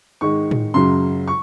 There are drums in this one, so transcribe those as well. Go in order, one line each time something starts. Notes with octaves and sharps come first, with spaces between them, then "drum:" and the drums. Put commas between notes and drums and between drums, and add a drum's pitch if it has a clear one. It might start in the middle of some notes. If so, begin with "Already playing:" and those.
G#2 D#3 G#3 C#6
drum: tom A2
F#2 C#3 F#3 C6
C#6